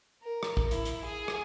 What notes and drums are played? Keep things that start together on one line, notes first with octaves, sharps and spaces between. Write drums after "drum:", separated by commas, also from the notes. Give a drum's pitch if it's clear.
A#4
drum: rim click
drum: kick
E4, drum: hi-hat
drum: hi-hat
G#4
drum: rim click